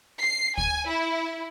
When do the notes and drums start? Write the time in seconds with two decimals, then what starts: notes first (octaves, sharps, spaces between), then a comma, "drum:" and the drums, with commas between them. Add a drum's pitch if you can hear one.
0.22 C7
0.58 G#5, drum: kick
0.89 E4